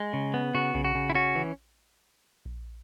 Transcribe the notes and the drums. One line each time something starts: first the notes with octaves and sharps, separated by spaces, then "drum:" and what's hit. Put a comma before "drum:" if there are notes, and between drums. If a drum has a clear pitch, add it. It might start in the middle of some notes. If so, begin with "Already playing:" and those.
Already playing: G#3
C#3
B3
C#3 F#4
C#3, drum: kick A#1
F#4
C#3
E4
C#4 F#4
E3
drum: kick A#1